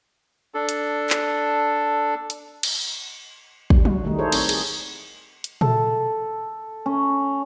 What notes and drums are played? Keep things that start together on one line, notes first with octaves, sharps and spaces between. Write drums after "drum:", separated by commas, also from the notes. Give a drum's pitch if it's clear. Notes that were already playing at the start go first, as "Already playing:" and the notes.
D4 A4
drum: hi-hat
drum: clap
drum: hi-hat
drum: cymbal
G3, drum: kick
F#4, drum: tom F#3
D#3 G3 A3 D#4
E4 G#4 A4 C5 C#5
C4 C#5, drum: cymbal
G#4, drum: cymbal
drum: hi-hat
A4, drum: tom A#2
C#4